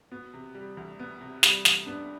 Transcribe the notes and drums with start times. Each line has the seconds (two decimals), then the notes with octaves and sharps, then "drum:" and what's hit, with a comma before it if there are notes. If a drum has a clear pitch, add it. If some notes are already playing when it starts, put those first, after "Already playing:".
0.11 B3 F#4
0.34 C3
0.55 G3
0.77 D2
0.99 B3
1.21 C3
1.43 G3, drum: snare
1.65 D2, drum: snare
1.86 B3 D4